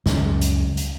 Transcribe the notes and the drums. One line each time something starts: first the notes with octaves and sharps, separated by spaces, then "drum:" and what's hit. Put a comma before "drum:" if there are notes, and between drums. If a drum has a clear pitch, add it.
C#2 F#2 G3, drum: snare
drum: hi-hat
drum: hi-hat